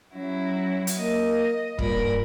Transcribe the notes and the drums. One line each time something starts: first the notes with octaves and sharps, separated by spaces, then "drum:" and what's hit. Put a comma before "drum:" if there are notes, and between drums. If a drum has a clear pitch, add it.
F#3 C#4 E4 F#4
drum: hi-hat
A#3 D#5
G2 A#2 A#4 B5, drum: kick